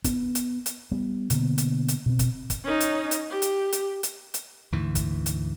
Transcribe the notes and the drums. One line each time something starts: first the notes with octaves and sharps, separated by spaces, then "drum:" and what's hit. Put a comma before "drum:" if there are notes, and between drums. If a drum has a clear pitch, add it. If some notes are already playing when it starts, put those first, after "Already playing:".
B3, drum: kick, hi-hat
drum: hi-hat
drum: hi-hat
G3 B3
B2 D3 A#3 B3, drum: hi-hat
drum: hi-hat
drum: hi-hat
B2 C4
drum: kick, hi-hat
drum: kick, hi-hat
C#4 D#4
drum: hi-hat
drum: hi-hat
G4
drum: hi-hat
drum: hi-hat
drum: hi-hat
drum: hi-hat
D2 G#2 E3
drum: kick, hi-hat
drum: hi-hat